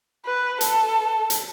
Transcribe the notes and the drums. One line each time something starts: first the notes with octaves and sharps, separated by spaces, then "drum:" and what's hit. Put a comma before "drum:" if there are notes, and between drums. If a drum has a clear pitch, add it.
B4
A4, drum: hi-hat
drum: hi-hat